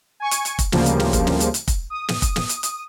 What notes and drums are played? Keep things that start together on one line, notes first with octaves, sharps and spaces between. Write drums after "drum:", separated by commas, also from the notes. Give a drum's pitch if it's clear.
G#5 C#6
drum: hi-hat
drum: hi-hat
drum: kick, hi-hat
D2 C#3 F3 G3 A#3, drum: snare
drum: hi-hat
drum: snare
drum: kick, hi-hat
drum: snare
drum: hi-hat
drum: hi-hat
drum: kick, hi-hat
D#6
drum: snare
drum: kick, hi-hat
drum: snare
drum: hi-hat
drum: hi-hat